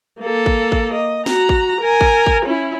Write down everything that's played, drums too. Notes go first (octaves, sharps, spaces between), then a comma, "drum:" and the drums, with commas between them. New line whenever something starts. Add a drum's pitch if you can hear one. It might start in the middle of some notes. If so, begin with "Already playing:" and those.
A#3 A4
drum: kick
drum: kick
D#5
F#4 A#5, drum: snare
drum: kick
A#4 G#5
drum: kick
drum: kick
C#4 E4